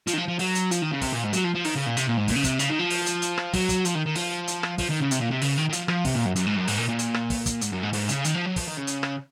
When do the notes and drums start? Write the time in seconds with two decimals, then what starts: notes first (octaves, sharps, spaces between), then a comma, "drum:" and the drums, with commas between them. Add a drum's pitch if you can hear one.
0.07 F3, drum: hi-hat
0.14 D#3
0.18 F3
0.28 F3
0.39 F#3, drum: open hi-hat
0.55 drum: hi-hat
0.71 F3, drum: hi-hat
0.82 D#3
0.92 C#3
1.02 C3, drum: kick, open hi-hat
1.12 A#2
1.23 G#2
1.33 F#3, drum: hi-hat
1.44 F3
1.54 F3
1.65 D#3, drum: open hi-hat
1.75 C#3
1.86 A#2
1.97 C3, drum: hi-hat
2.07 A#2
2.18 G#2
2.28 A#2, drum: kick, open hi-hat
2.36 C#3
2.44 C3, drum: kick, hi-hat
2.59 C#3, drum: hi-hat
2.70 D#3
2.80 F3
2.90 drum: open hi-hat
3.06 drum: hi-hat
3.22 drum: hi-hat
3.38 drum: rim click
3.54 F#3, drum: kick, open hi-hat
3.69 drum: kick, hi-hat
3.85 F3, drum: hi-hat
3.95 D#3
4.06 D#3
4.15 F3, drum: open hi-hat
4.47 drum: hi-hat
4.63 drum: rim click
4.78 F3, drum: kick, open hi-hat
4.89 D#3
5.00 C#3
5.11 C3, drum: hi-hat
5.20 A#2
5.31 C3
5.42 C#3, drum: open hi-hat
5.57 D#3
5.69 D#3
5.73 F3, drum: hi-hat
5.88 F3, drum: rim click
6.05 C3, drum: kick, open hi-hat
6.15 A#2
6.26 F#2
6.36 F#2, drum: hi-hat
6.46 G#2
6.56 F#2
6.68 G#2, drum: open hi-hat
6.78 A#2
6.89 A#2
6.99 drum: hi-hat
7.14 drum: rim click
7.30 drum: kick, open hi-hat
7.46 drum: kick, hi-hat
7.61 G#2, drum: hi-hat
7.72 F#2
7.83 G#2
7.93 G#2, drum: open hi-hat
8.09 C#3, drum: hi-hat
8.24 D#3, drum: hi-hat
8.35 F3
8.46 F#3
8.56 F3, drum: kick, open hi-hat
8.67 D#3
8.77 C#3
8.87 drum: hi-hat
9.03 drum: rim click